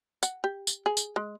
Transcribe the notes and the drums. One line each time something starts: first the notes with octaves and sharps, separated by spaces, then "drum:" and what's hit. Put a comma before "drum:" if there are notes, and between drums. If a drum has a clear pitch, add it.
F#5, drum: tambourine
G4
drum: tambourine
G#4
drum: tambourine
G#3